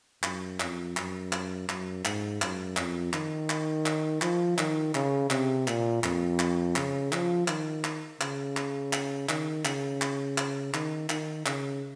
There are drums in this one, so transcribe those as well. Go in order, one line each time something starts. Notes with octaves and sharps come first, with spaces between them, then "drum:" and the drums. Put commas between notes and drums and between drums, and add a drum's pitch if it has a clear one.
F#2, drum: clap
F2, drum: clap
F#2, drum: clap
drum: clap
F#2, drum: clap
G#2, drum: clap
F#2, drum: clap
F2, drum: clap
D#3, drum: clap
drum: clap
drum: clap
F3, drum: clap
D#3, drum: clap
C#3, drum: clap
C3, drum: clap
A#2, drum: clap
F2, drum: clap
drum: clap
C#3, drum: clap
F3, drum: clap
D#3, drum: clap
drum: clap
C#3, drum: clap
drum: clap
drum: clap
D#3, drum: clap
C#3, drum: clap
drum: clap
drum: clap
D#3, drum: clap
D#3, drum: clap
C#3, drum: clap